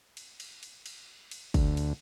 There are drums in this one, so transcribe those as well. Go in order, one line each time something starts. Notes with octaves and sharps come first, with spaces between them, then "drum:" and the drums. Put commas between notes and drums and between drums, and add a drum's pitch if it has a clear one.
drum: cymbal
drum: cymbal
drum: cymbal
drum: cymbal
drum: cymbal
D2, drum: kick, cymbal
drum: cymbal